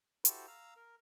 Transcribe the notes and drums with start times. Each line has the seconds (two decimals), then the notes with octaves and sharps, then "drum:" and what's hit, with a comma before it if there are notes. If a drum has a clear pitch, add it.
0.25 E4 F#4 G4 A4 C5, drum: hi-hat
0.48 F5 A#5 E6
0.76 A#4